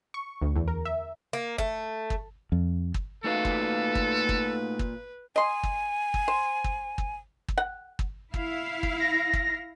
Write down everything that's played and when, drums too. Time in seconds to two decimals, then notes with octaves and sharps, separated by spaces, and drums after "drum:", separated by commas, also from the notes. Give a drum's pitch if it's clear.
0.14 C#6
0.42 D2
0.56 E2
0.68 A#4
0.85 E5
1.33 A#3
1.58 A3, drum: kick
2.10 drum: kick
2.52 F2
2.94 drum: kick
3.24 A#2 A3 D#4 F#4 A4 B4 F5
3.45 drum: kick
3.95 drum: kick
4.29 drum: kick
4.79 drum: kick
5.36 D#5 G#5 C6
5.63 drum: kick
6.14 drum: kick
6.28 C5
6.64 drum: kick
6.98 drum: kick
7.48 drum: kick
7.58 F#5
7.99 drum: kick
8.34 E4 F5, drum: kick
8.83 drum: kick
9.00 A#6
9.33 drum: kick